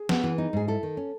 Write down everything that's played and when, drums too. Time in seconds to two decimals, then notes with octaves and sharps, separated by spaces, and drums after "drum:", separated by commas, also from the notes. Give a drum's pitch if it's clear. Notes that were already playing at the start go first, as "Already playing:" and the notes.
Already playing: G#4
0.09 B3, drum: snare
0.24 E3
0.38 D#4
0.53 G#2 G#4
0.68 E4 A4
0.83 D#3
0.97 C#4